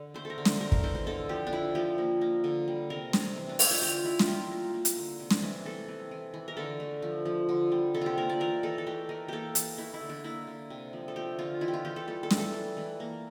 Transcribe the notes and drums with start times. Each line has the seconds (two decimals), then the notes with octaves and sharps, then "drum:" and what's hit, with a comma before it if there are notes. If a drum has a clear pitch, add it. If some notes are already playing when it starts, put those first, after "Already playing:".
Already playing: D3
0.14 A3 C5
0.25 A4
0.30 A#4
0.38 D3
0.45 C5, drum: snare
0.60 A3 A#4
0.72 C5, drum: kick
0.83 E3 C5
0.95 C5
1.07 D3 A4
1.29 F3 G4
1.47 D4
1.53 D3 E4
1.75 F3 G4
1.98 A#3
2.21 A#3
2.44 D3
2.68 G3
2.90 C3 A#4
3.13 C3, drum: snare
3.36 E3
3.49 D4
3.59 A3 E4, drum: open hi-hat
3.71 F4
3.81 D3 G4
4.04 A3 E4
4.19 F4, drum: snare
4.27 A#3 G4
4.51 A#3
4.74 A#3
4.85 drum: hi-hat
4.97 D3
5.20 C3
5.31 drum: snare
5.43 E3
5.65 C3 A4
5.88 E3
6.11 E3
6.34 E3
6.48 A#4
6.57 D3 A4
6.80 A3
7.02 F3
7.25 F3
7.49 D3
7.72 G3
7.94 C3 A4
8.01 F4 G4
8.18 A#3 A#4
8.30 D5
8.40 E3 A#4
8.63 E3 A4
8.78 A4
8.87 A3 G4
9.09 E3 A#4
9.28 A#3 G4 A4
9.55 E3, drum: hi-hat
9.78 A3 E4
9.94 E4
10.01 D3
10.09 D4
10.24 A#3 E4
10.47 D3
10.70 C3
10.93 F3
11.08 A4
11.16 A3 G4
11.39 D3 F4
11.61 E3 E4
11.68 G4
11.74 F4
11.85 E3 G4
11.96 A4
12.08 G3 A4
12.23 A4
12.31 E3, drum: snare
12.38 A4
12.53 G3
12.77 E3
13.00 A#3